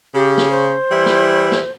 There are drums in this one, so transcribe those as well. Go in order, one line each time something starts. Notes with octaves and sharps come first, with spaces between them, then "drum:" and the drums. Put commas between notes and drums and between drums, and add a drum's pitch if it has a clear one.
C#3 G4
drum: snare
C5
E3 G3 E4
drum: snare
drum: snare